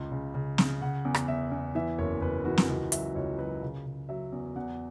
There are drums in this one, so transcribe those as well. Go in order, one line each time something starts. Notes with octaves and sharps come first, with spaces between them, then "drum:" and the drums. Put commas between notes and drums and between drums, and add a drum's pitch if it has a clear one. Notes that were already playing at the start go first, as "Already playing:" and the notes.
Already playing: C#2
C#3
C#3
C#3, drum: snare
C#3 F#5
E2
drum: rim click
E2 E5
E2
E3 E5
F#1 C#5
F#1 B4
E3 F#4
drum: snare
C#2 F#4
F#3 E5, drum: hi-hat
C#2 C#5
F#3 B4
C#3
C#3
F#3 E5
E2
E2 F#5